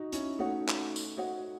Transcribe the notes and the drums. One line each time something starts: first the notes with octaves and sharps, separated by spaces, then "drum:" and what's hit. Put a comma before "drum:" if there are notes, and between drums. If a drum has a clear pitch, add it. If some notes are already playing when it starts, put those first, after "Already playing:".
Already playing: D#4 F#4
C#4 E4, drum: hi-hat
A3 D#4 F#4 C#5 F#5
drum: clap
drum: tambourine
D#4 F#4 C#5 F#5